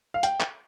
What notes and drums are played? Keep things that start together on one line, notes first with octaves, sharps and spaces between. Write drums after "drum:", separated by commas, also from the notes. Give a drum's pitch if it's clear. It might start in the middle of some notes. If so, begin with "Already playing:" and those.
F5
G5, drum: hi-hat
drum: clap